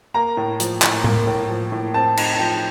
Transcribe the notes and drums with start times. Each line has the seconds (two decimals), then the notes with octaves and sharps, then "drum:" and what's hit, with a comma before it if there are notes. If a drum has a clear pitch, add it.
0.14 A#3 A#5
0.37 A2
0.60 F3, drum: hi-hat
0.82 A2, drum: clap
1.04 A#3, drum: tom A2
1.27 A2
1.49 F3
1.72 A2
1.94 C4 A5
2.17 D#4, drum: cymbal
2.34 A5
2.39 F3 G5